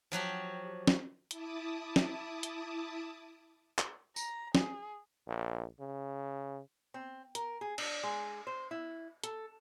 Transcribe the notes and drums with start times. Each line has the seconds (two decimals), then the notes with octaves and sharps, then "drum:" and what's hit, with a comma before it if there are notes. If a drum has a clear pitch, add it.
0.12 F3 F#3 F#4 G4
0.87 drum: snare
1.31 E4 A5 D6 D#6, drum: hi-hat
1.96 drum: snare
2.43 drum: hi-hat
3.79 drum: clap
4.16 A#5, drum: tambourine
4.55 G#4, drum: snare
5.27 A#1
5.80 C#3
6.94 C4
7.35 A#4, drum: hi-hat
7.61 G#4
7.78 D4, drum: cymbal
8.03 G#3
8.47 C5
8.71 E4
9.24 A4, drum: hi-hat